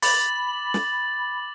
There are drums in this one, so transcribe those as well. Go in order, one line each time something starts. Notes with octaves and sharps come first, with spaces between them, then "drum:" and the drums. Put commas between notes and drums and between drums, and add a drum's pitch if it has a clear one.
B5 D6 A6 F#7, drum: open hi-hat
drum: snare